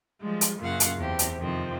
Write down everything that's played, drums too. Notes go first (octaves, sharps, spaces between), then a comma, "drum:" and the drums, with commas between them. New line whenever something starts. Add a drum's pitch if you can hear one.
F3 G3 G#3
drum: hi-hat
F#2 A#2 C#3 F5 F#5
drum: hi-hat
E2 C4 G4
drum: hi-hat
F2 C3 D#3 F3 C4